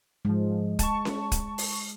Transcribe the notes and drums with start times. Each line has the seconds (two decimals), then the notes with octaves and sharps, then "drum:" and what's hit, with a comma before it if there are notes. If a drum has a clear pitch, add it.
0.25 G#2 F3 G#3
0.79 A5 C#6, drum: kick, hi-hat
1.05 drum: snare C#4
1.32 drum: kick, hi-hat
1.58 drum: open hi-hat